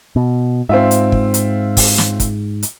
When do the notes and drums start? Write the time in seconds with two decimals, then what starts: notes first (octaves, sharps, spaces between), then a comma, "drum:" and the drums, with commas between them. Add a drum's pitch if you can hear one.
0.16 B2
0.69 G#2 C4 F4 E5
0.91 drum: hi-hat
1.12 drum: kick
1.34 drum: hi-hat
1.77 drum: kick, open hi-hat
1.98 drum: snare
2.20 drum: kick, hi-hat
2.63 drum: hi-hat